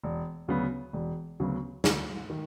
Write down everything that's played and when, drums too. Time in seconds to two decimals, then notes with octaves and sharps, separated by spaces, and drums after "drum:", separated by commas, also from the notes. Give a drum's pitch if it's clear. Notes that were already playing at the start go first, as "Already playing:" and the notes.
0.04 E1
0.48 D2 C#3 F#3 B3
0.93 E1
1.40 D2 C#3 F#3 B3
1.84 D2, drum: snare
2.30 D#3